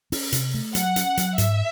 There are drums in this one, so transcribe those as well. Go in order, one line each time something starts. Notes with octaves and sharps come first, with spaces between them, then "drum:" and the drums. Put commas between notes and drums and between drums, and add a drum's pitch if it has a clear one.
C#4, drum: open hi-hat
C3, drum: hi-hat
A3
F#3 F#5, drum: hi-hat
C#4, drum: hi-hat
F#3, drum: hi-hat
G#2 E5, drum: hi-hat